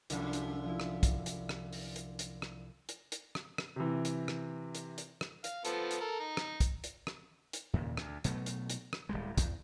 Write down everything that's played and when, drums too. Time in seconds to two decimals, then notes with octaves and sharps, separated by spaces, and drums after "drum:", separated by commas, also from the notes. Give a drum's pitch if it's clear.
0.10 C2 F#2 D3 F3 C#7, drum: hi-hat
0.33 drum: hi-hat
0.65 F3 E4
0.80 drum: rim click
1.03 drum: kick, hi-hat
1.26 drum: hi-hat
1.49 drum: rim click
1.73 drum: open hi-hat
1.96 drum: hi-hat
2.19 drum: hi-hat
2.42 drum: rim click
2.89 drum: hi-hat
3.12 drum: hi-hat
3.35 drum: rim click
3.58 drum: rim click
3.76 C3 E3
4.05 drum: hi-hat
4.28 drum: rim click
4.75 drum: hi-hat
4.98 drum: hi-hat
5.21 drum: rim click
5.44 F5, drum: hi-hat
5.65 F3 B3 A4, drum: hi-hat
5.91 drum: hi-hat
6.01 A4 A#4
6.20 D#4
6.37 drum: rim click
6.60 drum: kick, hi-hat
6.84 drum: hi-hat
7.07 drum: rim click
7.53 drum: hi-hat
7.73 D#2 A#2 C#3
7.97 D2, drum: rim click
8.24 B2 F#3 A3, drum: hi-hat
8.46 drum: hi-hat
8.70 drum: hi-hat
8.93 drum: rim click
9.09 D1 A#1 G3 G#3
9.38 E2, drum: kick, hi-hat